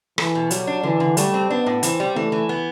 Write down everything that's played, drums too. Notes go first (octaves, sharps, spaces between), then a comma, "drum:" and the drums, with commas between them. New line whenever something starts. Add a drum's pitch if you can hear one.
E3 A4, drum: rim click
B2
F#3 G3, drum: hi-hat
D4
D3 E3
D3
G3 A3, drum: hi-hat
C4
B3 D4
A2
E3 C4, drum: hi-hat
G3
E3 A3
E3
B3